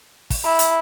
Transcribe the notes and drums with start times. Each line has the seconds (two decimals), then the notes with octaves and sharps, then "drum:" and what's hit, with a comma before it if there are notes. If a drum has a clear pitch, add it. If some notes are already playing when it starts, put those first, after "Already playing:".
0.30 drum: kick, open hi-hat
0.45 E4
0.59 drum: hi-hat